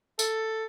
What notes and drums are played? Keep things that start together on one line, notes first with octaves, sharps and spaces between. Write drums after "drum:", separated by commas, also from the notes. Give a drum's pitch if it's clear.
A4, drum: tambourine